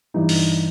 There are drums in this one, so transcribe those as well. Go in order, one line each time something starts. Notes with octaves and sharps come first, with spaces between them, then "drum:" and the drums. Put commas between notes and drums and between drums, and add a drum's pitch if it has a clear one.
G2 E3 D#4
drum: open hi-hat